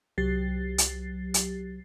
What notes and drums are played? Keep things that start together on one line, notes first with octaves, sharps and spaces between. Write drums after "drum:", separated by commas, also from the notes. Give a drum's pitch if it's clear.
C2 F#3 G4 A6 C7
drum: hi-hat
drum: hi-hat